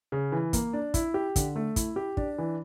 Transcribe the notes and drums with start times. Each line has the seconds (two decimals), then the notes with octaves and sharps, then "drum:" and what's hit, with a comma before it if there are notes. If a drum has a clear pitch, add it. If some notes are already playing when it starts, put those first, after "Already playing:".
0.12 C#3
0.32 E3
0.53 A#3, drum: kick, hi-hat
0.73 D4
0.94 E4, drum: kick, hi-hat
1.14 G4
1.36 D3, drum: kick, hi-hat
1.56 A3
1.76 E4, drum: kick, hi-hat
1.96 G4
2.17 D4, drum: kick
2.38 E3